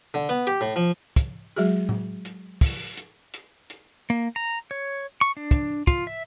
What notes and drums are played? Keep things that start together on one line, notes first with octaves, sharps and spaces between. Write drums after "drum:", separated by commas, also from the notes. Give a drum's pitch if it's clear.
D3
B3
G4
A2
F3
drum: kick, hi-hat
F#3 G#3 F#4 G#4
drum: tom A2
drum: hi-hat
drum: kick, open hi-hat
drum: hi-hat
drum: hi-hat
drum: hi-hat
A#3
A#5
C#5
C#6
D4
drum: kick, hi-hat
F4, drum: kick, hi-hat
E5